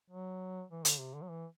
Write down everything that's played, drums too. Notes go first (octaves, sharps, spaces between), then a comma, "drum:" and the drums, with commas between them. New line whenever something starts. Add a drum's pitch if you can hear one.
F#3
E3
D3, drum: hi-hat
C3
D3
F#3
E3